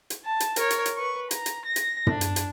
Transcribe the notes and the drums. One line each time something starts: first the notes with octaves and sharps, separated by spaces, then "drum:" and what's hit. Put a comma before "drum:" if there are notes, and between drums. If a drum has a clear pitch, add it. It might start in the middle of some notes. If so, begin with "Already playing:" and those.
drum: hi-hat
A5
drum: hi-hat
A#4 C#5, drum: hi-hat
drum: hi-hat
drum: hi-hat
B4 C#6
A#5, drum: hi-hat
drum: hi-hat
A#6
drum: hi-hat
D4, drum: tom
drum: hi-hat
drum: hi-hat